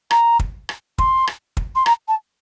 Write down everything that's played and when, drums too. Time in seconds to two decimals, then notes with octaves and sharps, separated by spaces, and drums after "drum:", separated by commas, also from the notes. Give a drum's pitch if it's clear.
0.11 A#5, drum: rim click
0.39 drum: kick
0.69 drum: rim click
0.98 C6, drum: kick
1.27 drum: rim click
1.57 drum: kick
1.75 C6
1.86 A#5, drum: rim click
2.08 A5